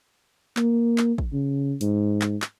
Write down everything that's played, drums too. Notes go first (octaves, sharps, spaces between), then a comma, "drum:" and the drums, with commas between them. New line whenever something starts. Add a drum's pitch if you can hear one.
A#3, drum: clap
drum: clap
drum: kick
C#3
G#2, drum: hi-hat
drum: clap
drum: clap